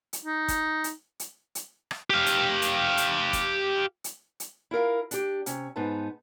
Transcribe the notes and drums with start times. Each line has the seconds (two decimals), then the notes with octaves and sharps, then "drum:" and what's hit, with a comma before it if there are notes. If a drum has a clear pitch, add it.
0.13 drum: hi-hat
0.25 D#4
0.48 drum: kick, hi-hat
0.84 drum: hi-hat
1.20 drum: hi-hat
1.55 drum: hi-hat
1.91 drum: rim click
2.10 G4 F5
2.26 drum: hi-hat
2.62 drum: hi-hat
2.97 drum: hi-hat
3.33 drum: kick, hi-hat
4.04 drum: hi-hat
4.40 drum: hi-hat
4.71 E4 F4 A#4 F5
5.11 D4 G4, drum: hi-hat
5.46 C3 C#4, drum: hi-hat
5.76 G#2 B3 D#4 B4 A5